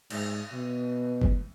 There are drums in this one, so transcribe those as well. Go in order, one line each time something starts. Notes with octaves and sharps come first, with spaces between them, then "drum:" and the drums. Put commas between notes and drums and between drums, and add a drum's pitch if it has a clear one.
G#2, drum: cymbal
B2
drum: kick F#1